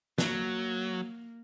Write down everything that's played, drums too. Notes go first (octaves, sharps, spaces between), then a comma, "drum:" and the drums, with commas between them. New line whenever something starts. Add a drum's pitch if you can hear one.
F#3 A#3, drum: snare